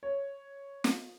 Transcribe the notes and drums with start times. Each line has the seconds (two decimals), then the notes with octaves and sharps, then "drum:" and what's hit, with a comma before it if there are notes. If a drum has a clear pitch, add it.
0.03 C#5
0.84 drum: snare